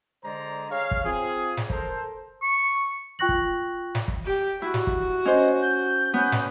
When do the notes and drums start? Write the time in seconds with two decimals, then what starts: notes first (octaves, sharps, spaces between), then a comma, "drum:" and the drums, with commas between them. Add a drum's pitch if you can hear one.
0.24 D3 G#3 C5 D5 A#5
0.71 G#4 C#5 F5
0.91 drum: kick
1.04 C4 F4 G#4
1.57 drum: snare
1.70 A4 A#4 C5, drum: kick
2.42 C#6
3.19 F4 G5 C#6 F#6 A#6 F#7
3.29 drum: kick
3.95 drum: snare
4.08 drum: kick
4.25 G4
4.62 E4 F#4
4.74 drum: snare
4.87 drum: kick
5.25 C#4 C5 D#5
5.62 G6
6.14 B3 C#4
6.32 drum: snare